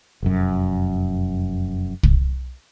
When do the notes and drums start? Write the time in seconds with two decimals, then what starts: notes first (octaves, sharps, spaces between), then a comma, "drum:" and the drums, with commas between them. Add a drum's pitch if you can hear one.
0.23 F1 F#2
2.03 drum: kick